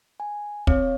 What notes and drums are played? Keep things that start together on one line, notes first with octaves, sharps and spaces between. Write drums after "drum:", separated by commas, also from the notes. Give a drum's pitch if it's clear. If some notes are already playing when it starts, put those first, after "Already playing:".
G#5
C4 C#5, drum: kick